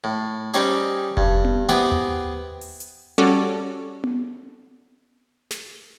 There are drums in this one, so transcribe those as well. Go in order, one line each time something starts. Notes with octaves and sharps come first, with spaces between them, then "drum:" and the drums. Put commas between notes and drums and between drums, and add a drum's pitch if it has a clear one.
A2
G3 C4 C#4 D#4 G4 G#4, drum: hi-hat
G2, drum: kick F1
drum: tom B3
B3 C4 E4 G4 G#4 B4, drum: hi-hat
drum: tom D#2
drum: open hi-hat
drum: hi-hat
G3 C#4 F#4 A4 C#5 D5
drum: tom B3
drum: snare